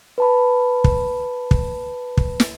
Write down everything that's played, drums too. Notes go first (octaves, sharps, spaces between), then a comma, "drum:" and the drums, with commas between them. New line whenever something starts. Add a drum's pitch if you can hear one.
B4 A5 B5
drum: kick
drum: kick
drum: kick
drum: snare